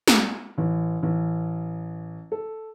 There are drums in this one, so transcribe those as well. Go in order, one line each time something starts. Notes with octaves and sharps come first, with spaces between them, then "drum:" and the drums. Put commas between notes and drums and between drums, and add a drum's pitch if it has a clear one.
C#7, drum: snare
A1
A1
A4